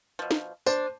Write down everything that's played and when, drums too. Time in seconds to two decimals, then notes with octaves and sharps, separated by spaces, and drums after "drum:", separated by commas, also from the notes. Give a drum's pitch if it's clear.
0.19 B2 F3
0.31 drum: snare
0.66 D4 C5, drum: tambourine